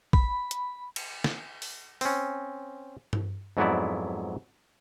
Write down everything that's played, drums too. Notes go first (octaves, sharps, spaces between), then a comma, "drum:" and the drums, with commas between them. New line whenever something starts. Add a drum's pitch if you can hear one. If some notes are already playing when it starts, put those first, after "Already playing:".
B5, drum: kick A#1
drum: hi-hat
drum: cymbal
drum: snare
drum: open hi-hat
C4 C#4, drum: open hi-hat
drum: tom G2
F2 G#2 F#3 B3 E4 D5